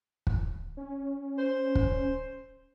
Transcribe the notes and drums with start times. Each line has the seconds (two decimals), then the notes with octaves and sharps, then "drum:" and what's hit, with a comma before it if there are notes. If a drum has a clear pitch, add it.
0.27 drum: kick
0.77 C#4
1.38 C5
1.75 drum: kick